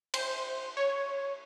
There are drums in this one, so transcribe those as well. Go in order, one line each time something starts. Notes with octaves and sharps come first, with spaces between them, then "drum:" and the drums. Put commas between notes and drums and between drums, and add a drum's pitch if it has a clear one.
C5, drum: cymbal
C#5